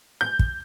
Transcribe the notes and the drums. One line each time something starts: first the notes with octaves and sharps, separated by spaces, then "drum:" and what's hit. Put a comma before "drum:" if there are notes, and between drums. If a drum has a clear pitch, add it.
G6
drum: kick